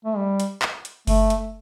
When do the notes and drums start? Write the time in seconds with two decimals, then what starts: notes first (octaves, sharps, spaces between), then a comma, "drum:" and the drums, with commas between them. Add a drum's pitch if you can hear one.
0.05 A3
0.17 G3
0.40 drum: hi-hat
0.62 drum: clap
0.85 drum: hi-hat
1.07 A3, drum: kick F#1, open hi-hat
1.30 drum: hi-hat